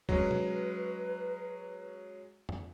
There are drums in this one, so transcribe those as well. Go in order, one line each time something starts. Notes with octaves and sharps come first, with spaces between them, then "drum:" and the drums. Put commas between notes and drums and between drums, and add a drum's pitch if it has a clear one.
F#3 G#3 C#4 B4, drum: kick
drum: tom
drum: tom